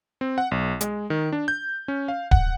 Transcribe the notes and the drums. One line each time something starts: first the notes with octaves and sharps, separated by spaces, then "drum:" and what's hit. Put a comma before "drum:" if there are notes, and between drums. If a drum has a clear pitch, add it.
C4
F#5
B1
G#3, drum: hi-hat
D#3
D4
G6
C#4
F5
F#5, drum: kick D1